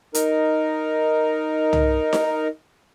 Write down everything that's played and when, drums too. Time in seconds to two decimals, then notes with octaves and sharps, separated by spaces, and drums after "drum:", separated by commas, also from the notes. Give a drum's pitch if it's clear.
0.14 D#4 A#4, drum: hi-hat
1.73 drum: tom
2.13 drum: snare D#4